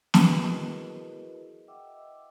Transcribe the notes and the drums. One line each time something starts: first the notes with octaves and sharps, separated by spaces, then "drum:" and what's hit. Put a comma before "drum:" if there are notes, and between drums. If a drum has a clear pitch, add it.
E4 F#4 G#4 A#4 B4 D#5, drum: snare
D#5 E5 F#5 G5 D6 E6